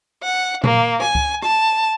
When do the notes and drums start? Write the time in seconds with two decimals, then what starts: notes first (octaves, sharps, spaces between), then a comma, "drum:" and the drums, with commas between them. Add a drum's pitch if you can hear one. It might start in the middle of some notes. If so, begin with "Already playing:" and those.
0.23 F#5
0.64 A#3, drum: tom A#2
1.02 G#5, drum: rim click
1.15 drum: kick C#2
1.42 A5, drum: rim click